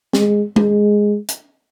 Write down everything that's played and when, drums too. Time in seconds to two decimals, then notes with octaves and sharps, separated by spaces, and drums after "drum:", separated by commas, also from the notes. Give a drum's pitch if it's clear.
0.13 G#3, drum: snare
0.56 G#3, drum: tom G#3
1.28 drum: hi-hat